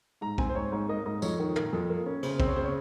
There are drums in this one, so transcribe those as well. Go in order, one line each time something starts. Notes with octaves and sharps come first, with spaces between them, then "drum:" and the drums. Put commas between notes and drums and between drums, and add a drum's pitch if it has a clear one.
G#2 A#5
C4 G#5, drum: kick
C5
G#2 C#5
G#2 C#5
A#3 D#5
G#2 D#5
F2 C#5, drum: tambourine
D#3
A#3, drum: tom
F2
A#3
C#4
C#3 C5, drum: cymbal
C4, drum: kick
C#5
C#3 C5
C#5